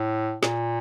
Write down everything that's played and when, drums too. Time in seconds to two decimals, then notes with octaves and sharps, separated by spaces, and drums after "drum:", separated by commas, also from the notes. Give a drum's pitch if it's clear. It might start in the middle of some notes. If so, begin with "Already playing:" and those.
Already playing: A2
0.43 A#2, drum: snare